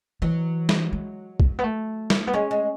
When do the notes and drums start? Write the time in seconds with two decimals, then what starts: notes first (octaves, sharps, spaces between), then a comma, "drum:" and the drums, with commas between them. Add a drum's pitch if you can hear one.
0.22 E3 F#3
0.69 drum: snare G3
0.93 G#3
1.40 drum: kick
1.59 B3
1.64 A3
2.10 drum: snare G3
2.27 B3
2.33 G#3 C#4
2.51 G#3